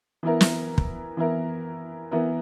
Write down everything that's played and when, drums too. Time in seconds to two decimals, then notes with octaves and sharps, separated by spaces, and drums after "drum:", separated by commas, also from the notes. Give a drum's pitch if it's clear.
0.23 E3 B3 E4 A#4
0.41 drum: snare
0.78 drum: kick
1.17 E3 B3 E4 A#4
2.11 E3 B3 E4 A#4